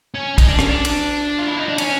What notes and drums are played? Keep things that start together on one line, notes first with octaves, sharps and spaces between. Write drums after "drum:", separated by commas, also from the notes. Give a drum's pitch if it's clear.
C#4
D#4, drum: kick, cymbal
D4
C#4, drum: rim click
D4
drum: cymbal
F4
E4
D#4
D4
C#4, drum: cymbal